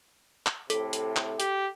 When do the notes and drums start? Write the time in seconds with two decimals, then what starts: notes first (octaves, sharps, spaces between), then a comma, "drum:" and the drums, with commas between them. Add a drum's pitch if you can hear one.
0.46 drum: clap
0.70 A2 C3 A4, drum: hi-hat
0.93 drum: hi-hat
1.16 drum: clap
1.40 G4, drum: hi-hat